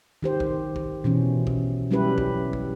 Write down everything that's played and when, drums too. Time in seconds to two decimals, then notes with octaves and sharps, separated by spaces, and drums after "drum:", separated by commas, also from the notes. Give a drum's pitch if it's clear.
0.23 D#3 G4 C5
0.40 drum: kick
0.76 drum: kick
1.04 B2 E3 C#4
1.47 drum: kick
1.91 F#3 G3 C#4 E4 G4 B4
2.18 drum: kick
2.53 drum: kick